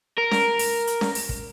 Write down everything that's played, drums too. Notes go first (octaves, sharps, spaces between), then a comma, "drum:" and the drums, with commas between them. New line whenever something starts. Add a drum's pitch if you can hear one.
A#4
drum: snare C#4
drum: open hi-hat
drum: hi-hat
drum: snare C#4
drum: open hi-hat
drum: kick